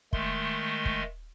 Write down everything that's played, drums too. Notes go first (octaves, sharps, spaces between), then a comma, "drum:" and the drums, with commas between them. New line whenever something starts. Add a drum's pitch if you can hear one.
D#3 G#3 A3 C6, drum: kick
drum: kick